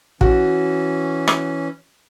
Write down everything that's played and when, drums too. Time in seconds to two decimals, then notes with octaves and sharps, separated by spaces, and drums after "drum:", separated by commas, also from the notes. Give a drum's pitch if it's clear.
0.21 E3 C#4 F#4, drum: kick
1.28 drum: rim click